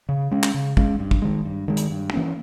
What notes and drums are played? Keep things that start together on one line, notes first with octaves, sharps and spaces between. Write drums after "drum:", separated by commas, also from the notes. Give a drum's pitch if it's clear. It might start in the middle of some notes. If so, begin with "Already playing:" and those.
C#3
G#3 C#4
drum: clap
C#3
G#3 C#4, drum: kick
G2
drum: kick
D#3 G#3
G2
D#3 G#3
drum: hi-hat
G2
E3 A#3 C#4